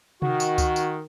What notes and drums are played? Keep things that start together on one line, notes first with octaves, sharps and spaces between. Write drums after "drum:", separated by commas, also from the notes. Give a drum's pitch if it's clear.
D#3 F#4, drum: tom C3
drum: tambourine
drum: kick C#2, tambourine
drum: tambourine